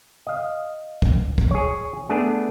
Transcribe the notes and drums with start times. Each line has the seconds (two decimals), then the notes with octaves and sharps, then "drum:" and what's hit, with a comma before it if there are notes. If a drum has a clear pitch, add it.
0.27 D#5 F5
1.02 drum: kick
1.38 drum: kick
1.51 G#4 C#5
2.09 A3 B3 D4 G#4